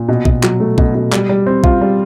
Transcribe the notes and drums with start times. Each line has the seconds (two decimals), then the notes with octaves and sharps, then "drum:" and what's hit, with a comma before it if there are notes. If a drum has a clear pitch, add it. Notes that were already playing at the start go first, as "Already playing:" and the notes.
Already playing: A#2
0.08 B2
0.25 B2, drum: kick A#1
0.43 F#3, drum: clap
0.60 A3
0.78 B2, drum: kick A#1
0.95 B2
1.12 G3, drum: clap
1.29 G3
1.47 C4
1.64 F4, drum: kick A#1
1.81 G3